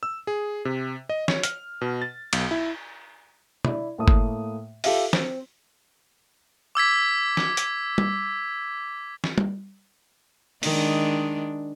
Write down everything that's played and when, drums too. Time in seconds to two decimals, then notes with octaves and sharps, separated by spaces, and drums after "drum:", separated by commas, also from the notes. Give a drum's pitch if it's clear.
0.03 E6
0.27 G#4
0.65 C3
1.09 D#5
1.28 C#5, drum: snare
1.43 F6, drum: hi-hat
1.81 B2
2.02 A6
2.33 B1, drum: cymbal
2.51 E4
3.65 E4 D5, drum: tom
3.98 A2 A3 A#3 D#6
4.08 drum: kick G1
4.84 F4 G4 A4 E5 F5, drum: open hi-hat
5.13 C4, drum: snare
6.75 D6 E6 G#6 B6
7.37 drum: snare
7.57 drum: hi-hat
7.98 drum: tom G3
9.24 drum: snare
9.38 drum: tom G3
10.63 D#3 G#3 D4, drum: open hi-hat